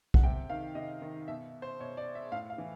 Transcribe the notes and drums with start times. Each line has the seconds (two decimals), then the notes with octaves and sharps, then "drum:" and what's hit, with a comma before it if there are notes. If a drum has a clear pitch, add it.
0.14 F#5, drum: kick B1
0.23 C3 G5
0.50 D#3 F5
0.75 C3 D#5
1.02 D#3
1.28 B2 E5
1.62 C5
1.80 B2 C#5
1.97 D5
2.15 E5
2.32 A2 F5
2.50 F5
2.58 E3